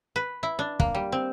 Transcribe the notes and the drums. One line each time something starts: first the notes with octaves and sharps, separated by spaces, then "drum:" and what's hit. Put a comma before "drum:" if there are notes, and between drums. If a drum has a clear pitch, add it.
B4
E4
D4
A#3, drum: kick
G3
C4